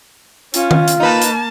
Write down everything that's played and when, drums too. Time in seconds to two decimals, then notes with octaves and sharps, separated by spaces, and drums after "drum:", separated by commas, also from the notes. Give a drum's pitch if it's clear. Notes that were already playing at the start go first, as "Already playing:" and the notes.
0.54 C#4 F4, drum: hi-hat
0.71 drum: tom D#3
0.88 drum: hi-hat
1.00 A#3 D#4 B4 A5
1.22 drum: hi-hat